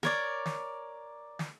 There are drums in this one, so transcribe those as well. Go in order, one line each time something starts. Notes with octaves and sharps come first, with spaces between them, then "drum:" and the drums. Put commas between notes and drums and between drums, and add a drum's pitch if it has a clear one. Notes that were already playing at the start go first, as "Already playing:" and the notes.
A#4 C#5 D5, drum: snare
drum: snare
drum: snare